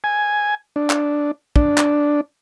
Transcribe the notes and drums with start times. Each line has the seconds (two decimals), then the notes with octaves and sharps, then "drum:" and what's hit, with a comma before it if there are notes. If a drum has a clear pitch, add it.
0.04 G#5
0.76 D4
0.90 drum: clap
1.56 D4, drum: kick
1.78 drum: clap